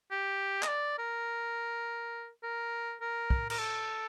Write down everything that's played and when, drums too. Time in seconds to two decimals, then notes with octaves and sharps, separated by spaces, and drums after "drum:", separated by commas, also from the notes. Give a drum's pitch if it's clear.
0.11 G4
0.63 D#5, drum: clap
0.68 D5
0.98 A#4
2.43 A#4
3.01 A#4
3.30 drum: kick
3.50 A#4, drum: cymbal
3.58 A4